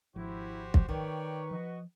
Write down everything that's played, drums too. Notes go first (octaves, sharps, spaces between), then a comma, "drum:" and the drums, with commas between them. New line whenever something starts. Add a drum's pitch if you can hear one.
G#1 F3 E4 F#4 G4 C5
drum: kick
D#3 B4 C#5 D5 G5 C#6
F3 F#4 D#5